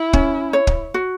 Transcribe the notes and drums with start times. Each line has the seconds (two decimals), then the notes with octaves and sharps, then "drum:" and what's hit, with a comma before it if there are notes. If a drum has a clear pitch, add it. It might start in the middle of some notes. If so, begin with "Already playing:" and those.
Already playing: E4
0.13 C#4, drum: kick
0.53 C#5
0.67 drum: kick
0.94 F#4